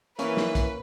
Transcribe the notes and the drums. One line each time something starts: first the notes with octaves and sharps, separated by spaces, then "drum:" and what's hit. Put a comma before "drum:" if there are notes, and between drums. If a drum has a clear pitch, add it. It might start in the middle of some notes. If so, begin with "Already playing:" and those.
E3 A#3 C#4 B4, drum: hi-hat
drum: snare
drum: kick, hi-hat